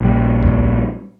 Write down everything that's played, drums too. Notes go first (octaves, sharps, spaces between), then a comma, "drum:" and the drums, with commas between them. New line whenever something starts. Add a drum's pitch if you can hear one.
A#1 G3
drum: kick C#2